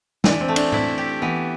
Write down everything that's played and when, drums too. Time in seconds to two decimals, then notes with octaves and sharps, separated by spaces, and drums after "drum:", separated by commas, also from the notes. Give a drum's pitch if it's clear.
0.24 E3 D4, drum: snare
0.41 C4
0.48 A3
0.56 D4, drum: cymbal
0.72 C4 E4, drum: tom A2
0.98 G4
1.22 E3 B3